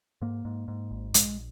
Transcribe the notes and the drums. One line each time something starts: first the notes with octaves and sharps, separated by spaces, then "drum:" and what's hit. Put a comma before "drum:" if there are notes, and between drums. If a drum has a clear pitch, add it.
G#2 A#3
G#2
G#2
G#1
A#1 G#3, drum: hi-hat